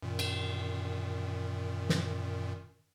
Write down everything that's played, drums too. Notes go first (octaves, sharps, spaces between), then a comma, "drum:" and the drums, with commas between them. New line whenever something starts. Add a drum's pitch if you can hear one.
F#2 A#2 D#3
drum: cymbal
drum: snare